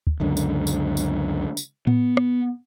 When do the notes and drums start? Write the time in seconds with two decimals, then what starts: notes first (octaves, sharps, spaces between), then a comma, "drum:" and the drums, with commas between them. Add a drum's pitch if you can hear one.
0.07 drum: kick
0.20 C#2 F#2 D3
0.37 drum: tambourine
0.67 drum: tambourine
0.97 drum: tambourine
1.57 drum: tambourine
1.87 B3, drum: tom A2
2.17 drum: rim click